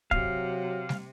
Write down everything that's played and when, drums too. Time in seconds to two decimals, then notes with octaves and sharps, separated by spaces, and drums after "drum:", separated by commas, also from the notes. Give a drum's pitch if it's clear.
0.11 C3 F#3 F5, drum: kick
0.89 drum: snare G3